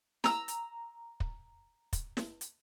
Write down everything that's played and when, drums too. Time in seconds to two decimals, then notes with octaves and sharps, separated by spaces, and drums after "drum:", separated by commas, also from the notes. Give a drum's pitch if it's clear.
0.24 A#5 E6, drum: snare
0.48 drum: hi-hat
1.20 drum: kick
1.93 drum: kick, hi-hat
2.17 drum: snare
2.41 drum: hi-hat